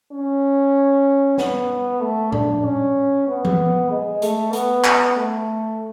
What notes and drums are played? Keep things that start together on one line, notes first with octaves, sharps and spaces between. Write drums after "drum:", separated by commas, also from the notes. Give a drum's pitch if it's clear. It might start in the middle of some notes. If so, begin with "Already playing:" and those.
C#4
B3, drum: snare
A3
D4, drum: tom A2
C#4
B3
drum: tom E3
G#3
A3, drum: hi-hat
B3, drum: hi-hat
drum: clap
A3